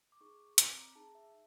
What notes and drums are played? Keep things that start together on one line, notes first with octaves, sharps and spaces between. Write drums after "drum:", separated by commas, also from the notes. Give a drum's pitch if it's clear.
D6
D#4 G#4 C#6
C4 D6, drum: hi-hat
A#5
D#4 G#4 A5
E5